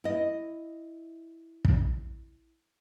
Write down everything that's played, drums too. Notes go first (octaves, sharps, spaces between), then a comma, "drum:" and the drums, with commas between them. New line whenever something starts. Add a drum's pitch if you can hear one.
E4 D#5
drum: kick